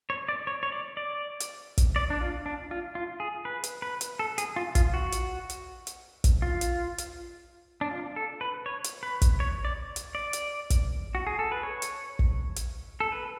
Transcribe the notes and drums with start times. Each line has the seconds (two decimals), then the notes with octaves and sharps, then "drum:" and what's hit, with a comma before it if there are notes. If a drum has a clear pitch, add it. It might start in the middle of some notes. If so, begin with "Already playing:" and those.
0.10 C#5
0.29 D5
0.47 C#5
0.63 C#5
0.72 D5
0.97 D5
1.40 drum: hi-hat
1.78 drum: kick, hi-hat
1.96 D5
2.10 D4
2.21 F4
2.46 D4
2.71 F4
2.95 F4
3.20 G#4
3.45 B4
3.64 drum: hi-hat
3.82 B4
4.01 drum: hi-hat
4.19 A4
4.38 G#4, drum: hi-hat
4.56 F4
4.75 F4, drum: kick, hi-hat
4.94 F#4
5.12 drum: hi-hat
5.50 drum: hi-hat
5.87 drum: hi-hat
6.24 drum: kick, hi-hat
6.42 F4
6.61 drum: hi-hat
6.98 drum: hi-hat
7.81 D4
7.91 F4
8.16 A4
8.41 B4
8.66 C#5
8.84 drum: hi-hat
9.03 B4
9.22 drum: kick, hi-hat
9.40 C#5
9.65 D5
9.96 drum: hi-hat
10.15 D5
10.33 drum: hi-hat
10.70 drum: kick, hi-hat
11.15 F#4
11.27 G#4
11.39 A4
11.52 B4
11.63 C#5
11.82 drum: hi-hat
12.19 drum: kick
12.56 drum: hi-hat
13.00 A4
13.12 B4